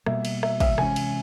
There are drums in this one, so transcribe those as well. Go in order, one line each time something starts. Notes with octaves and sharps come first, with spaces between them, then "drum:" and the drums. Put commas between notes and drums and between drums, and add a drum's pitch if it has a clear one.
B2 G3 A#3 E5, drum: rim click
drum: cymbal
E5, drum: rim click
E5, drum: kick, cymbal
C3 E3 G#3 C#4 G#5, drum: rim click
drum: cymbal